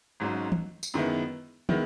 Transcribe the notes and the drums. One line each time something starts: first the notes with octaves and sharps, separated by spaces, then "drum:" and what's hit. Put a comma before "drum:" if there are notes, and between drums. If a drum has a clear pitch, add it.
G#1 G#2 F#3 C#4
drum: tom
drum: tambourine
F#2 D#3 G#3 B3 E4
D#3 G#3 B3 E4, drum: tom